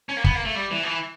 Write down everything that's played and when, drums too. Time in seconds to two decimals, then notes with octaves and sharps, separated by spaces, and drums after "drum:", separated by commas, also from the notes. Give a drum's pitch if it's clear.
0.09 C#4
0.17 A#3
0.24 B3, drum: kick
0.35 A#3
0.45 A3
0.55 G3
0.71 E3
0.83 F3
0.87 E3